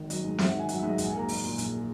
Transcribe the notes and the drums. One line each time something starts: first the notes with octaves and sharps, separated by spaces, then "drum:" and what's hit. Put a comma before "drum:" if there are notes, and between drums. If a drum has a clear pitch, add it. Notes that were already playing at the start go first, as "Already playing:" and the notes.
Already playing: G#1 D#3
F#3 D#5, drum: hi-hat
G#2
G#1 E5, drum: snare
F#5
D#3 G#5
F#3 F#5, drum: hi-hat
E5
G#2
D#5
A#1 F#5, drum: hi-hat
G#5
A#3
A#5
A#1, drum: open hi-hat
A#2
A#1, drum: hi-hat
A#3